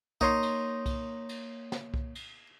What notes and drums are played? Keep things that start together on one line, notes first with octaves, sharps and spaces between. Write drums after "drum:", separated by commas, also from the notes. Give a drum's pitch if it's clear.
A#3 D#4 C#5 C6, drum: kick C2
drum: cymbal
drum: kick C2, cymbal
drum: cymbal
drum: snare
drum: kick C2
drum: cymbal